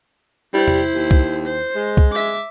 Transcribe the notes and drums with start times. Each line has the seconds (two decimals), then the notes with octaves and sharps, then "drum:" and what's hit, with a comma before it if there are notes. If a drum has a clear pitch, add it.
0.53 G3 E4 C5
0.68 drum: tom E2
0.95 D#2
1.11 drum: kick
1.46 C5
1.75 G#3
1.97 drum: kick
2.11 E5 D6